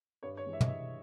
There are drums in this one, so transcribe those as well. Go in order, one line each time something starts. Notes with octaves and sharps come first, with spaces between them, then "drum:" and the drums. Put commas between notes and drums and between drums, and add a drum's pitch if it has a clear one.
G2 C#5
C#5
E3 G#3
E5
D#5, drum: tom
G2 E5